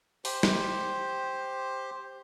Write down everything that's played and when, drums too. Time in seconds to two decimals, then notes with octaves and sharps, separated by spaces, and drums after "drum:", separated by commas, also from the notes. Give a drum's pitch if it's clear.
0.25 G4 C5, drum: open hi-hat
0.43 drum: snare